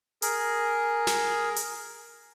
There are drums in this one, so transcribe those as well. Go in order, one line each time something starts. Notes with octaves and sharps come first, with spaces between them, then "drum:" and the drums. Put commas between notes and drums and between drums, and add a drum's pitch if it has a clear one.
G#4 A#4, drum: hi-hat
drum: snare
drum: hi-hat